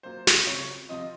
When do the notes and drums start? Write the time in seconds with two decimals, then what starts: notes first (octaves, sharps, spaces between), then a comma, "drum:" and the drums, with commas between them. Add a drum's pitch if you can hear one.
0.03 F#3 A#3 F4 C5
0.27 drum: snare
0.47 C#3 F#3 C4 F4 C#5
0.89 C3 F3 C4 F4 D#5